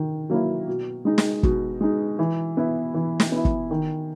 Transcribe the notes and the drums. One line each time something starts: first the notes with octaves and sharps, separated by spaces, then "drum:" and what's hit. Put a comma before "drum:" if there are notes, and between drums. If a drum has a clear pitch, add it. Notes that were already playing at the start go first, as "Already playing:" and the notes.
Already playing: D#3
F#3 A#3 E4
B2
G#3 D#4
drum: snare
B2, drum: kick G1
G#3 D#4
E3
B3 E4
E3
drum: snare
B3 E4
drum: kick G1
D#3